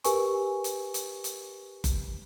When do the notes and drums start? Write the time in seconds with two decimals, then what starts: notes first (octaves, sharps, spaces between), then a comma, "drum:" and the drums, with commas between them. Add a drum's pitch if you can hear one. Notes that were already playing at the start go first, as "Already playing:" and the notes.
0.04 G4 A#4 B4 G#5 C#6, drum: hi-hat
0.64 drum: hi-hat
0.94 drum: hi-hat
1.24 drum: hi-hat
1.84 drum: kick F#1, hi-hat